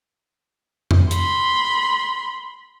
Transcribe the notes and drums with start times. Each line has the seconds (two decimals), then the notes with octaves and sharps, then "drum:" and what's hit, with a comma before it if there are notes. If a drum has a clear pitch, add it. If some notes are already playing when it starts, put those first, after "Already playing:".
0.91 drum: tom F2
1.11 B5 C6, drum: hi-hat